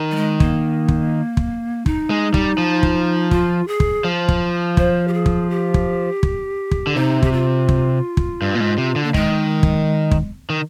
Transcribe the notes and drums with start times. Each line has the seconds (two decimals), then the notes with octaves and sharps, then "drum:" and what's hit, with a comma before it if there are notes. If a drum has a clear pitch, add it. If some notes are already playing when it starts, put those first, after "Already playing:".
Already playing: D#3
0.11 G3
0.16 G#3
0.40 A#3, drum: kick
0.89 drum: kick
1.37 drum: kick
1.86 D#4, drum: kick
2.10 G#3
2.34 G3, drum: kick
2.58 F3
2.83 drum: kick
3.31 F4, drum: kick
3.68 G#4
3.80 drum: kick
4.04 F3
4.29 drum: kick
4.77 C5, drum: kick
5.08 G4
5.14 G#4
5.26 drum: kick
5.50 G4
5.74 drum: kick
6.23 drum: kick
6.71 drum: kick
6.87 D3
6.96 C3 D#4
7.23 G4, drum: kick
7.33 F4
7.69 drum: kick
8.17 drum: kick
8.42 G2
8.55 A#2
8.60 G#2
8.78 C3
8.96 D3
9.04 A#3
9.14 D#3 G#3, drum: kick
9.63 drum: kick
10.11 drum: kick
10.50 D#3